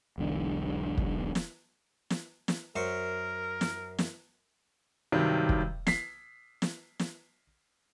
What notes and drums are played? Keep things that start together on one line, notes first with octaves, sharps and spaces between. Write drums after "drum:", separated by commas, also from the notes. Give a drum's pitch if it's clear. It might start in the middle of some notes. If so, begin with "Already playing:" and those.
E1 B1 D3 E3
drum: kick
drum: snare
drum: snare
drum: snare
F#2 A#4 C5 C#6
drum: snare
drum: snare
G2 C3 D#3 F#3 G3
drum: kick
B6 C7, drum: snare
drum: snare
drum: snare